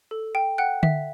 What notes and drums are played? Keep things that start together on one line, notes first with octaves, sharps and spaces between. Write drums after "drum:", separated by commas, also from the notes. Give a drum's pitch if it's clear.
A4
G5
F#5 G5 F#6
E5, drum: tom D3